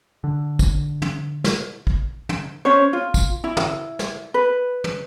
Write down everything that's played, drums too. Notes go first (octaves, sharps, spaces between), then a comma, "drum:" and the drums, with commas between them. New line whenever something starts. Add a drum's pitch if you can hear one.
D3
drum: kick, tambourine
drum: tom
drum: snare
drum: kick
drum: tom
C#4 C5 C#5
F4
drum: kick, tambourine
E4
drum: tom
drum: snare
B4
drum: tom